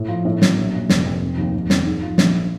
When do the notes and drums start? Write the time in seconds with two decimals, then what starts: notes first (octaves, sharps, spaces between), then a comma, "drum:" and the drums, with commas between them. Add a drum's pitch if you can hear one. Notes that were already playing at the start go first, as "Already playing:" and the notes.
Already playing: A2
0.08 F3
0.25 A2
0.42 F#3, drum: snare
0.57 A#1
0.74 A#2
0.89 F1, drum: snare
1.06 F2
1.22 F1
1.38 D#2
1.54 F1
1.70 F2, drum: snare
1.86 G#2
2.02 F3
2.18 A#1, drum: snare